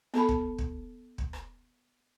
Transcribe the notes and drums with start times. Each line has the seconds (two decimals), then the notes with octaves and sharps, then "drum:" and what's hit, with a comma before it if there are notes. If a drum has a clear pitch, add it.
0.14 B3 A4 A5 B5, drum: rim click
0.29 drum: kick
0.58 drum: kick
1.18 drum: kick
1.33 drum: rim click